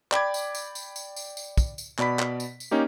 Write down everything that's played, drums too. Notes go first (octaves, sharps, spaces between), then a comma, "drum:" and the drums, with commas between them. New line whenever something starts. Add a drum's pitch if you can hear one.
D5 G5 B5 D6 G#6, drum: clap
drum: tambourine
drum: tambourine
drum: tambourine
drum: tambourine
drum: tambourine
drum: tambourine
drum: kick, tambourine
drum: tambourine
B2 D5 B5 B6, drum: clap
drum: clap
drum: tambourine
drum: tambourine
A#3 C#4 D#4 G4